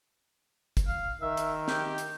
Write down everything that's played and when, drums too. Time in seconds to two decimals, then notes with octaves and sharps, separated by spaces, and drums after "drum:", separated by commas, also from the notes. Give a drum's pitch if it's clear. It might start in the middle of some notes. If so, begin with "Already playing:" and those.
0.77 drum: kick, hi-hat
0.88 F5
1.22 D#3 E5
1.37 drum: hi-hat
1.68 G4, drum: snare
1.98 drum: hi-hat